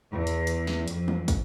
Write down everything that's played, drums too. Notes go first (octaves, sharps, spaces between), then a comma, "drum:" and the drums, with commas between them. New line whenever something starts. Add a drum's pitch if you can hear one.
E2
drum: hi-hat
drum: hi-hat
drum: snare
F2, drum: hi-hat
drum: tom E3
drum: kick, hi-hat